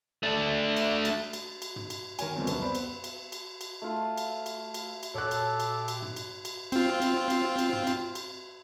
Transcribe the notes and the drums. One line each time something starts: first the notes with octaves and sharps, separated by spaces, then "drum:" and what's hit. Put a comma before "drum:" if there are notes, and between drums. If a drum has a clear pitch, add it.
A3 D4
drum: cymbal
drum: cymbal
drum: cymbal
drum: cymbal
drum: tom
drum: cymbal
D#3 A#4 C#5 G#5, drum: cymbal
D2 B2 D3 F3 G3 C4
F#2 C#3 B3, drum: cymbal
B3 C4 C5 D5 B5
B3, drum: cymbal
drum: cymbal
drum: cymbal
drum: cymbal
A3 F4
drum: cymbal
drum: cymbal
drum: cymbal
drum: cymbal
A#2 G4 A4 C#5 E5 G5 F#6
drum: cymbal
drum: cymbal
drum: cymbal
drum: tom
drum: cymbal
drum: cymbal
C4 F4, drum: cymbal
drum: cymbal
drum: cymbal
drum: cymbal
drum: tom
drum: cymbal
drum: cymbal